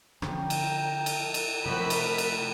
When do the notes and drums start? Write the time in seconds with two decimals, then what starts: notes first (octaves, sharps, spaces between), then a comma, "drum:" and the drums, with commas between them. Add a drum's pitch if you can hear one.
0.22 D3 F3 C#4 G5 A#5, drum: rim click
0.50 drum: cymbal
1.06 drum: cymbal
1.34 drum: cymbal
1.66 A2 C3 F3 C4 F#4 A#4 B5 B6
1.90 drum: cymbal
2.18 drum: cymbal